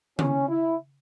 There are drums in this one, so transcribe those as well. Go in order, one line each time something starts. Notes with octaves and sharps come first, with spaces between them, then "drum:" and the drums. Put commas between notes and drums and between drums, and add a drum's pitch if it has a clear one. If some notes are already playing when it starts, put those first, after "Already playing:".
C#4, drum: tom C#3
E4